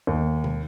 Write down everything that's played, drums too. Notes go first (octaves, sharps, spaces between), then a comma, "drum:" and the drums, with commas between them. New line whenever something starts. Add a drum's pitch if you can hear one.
D#2
drum: tom B2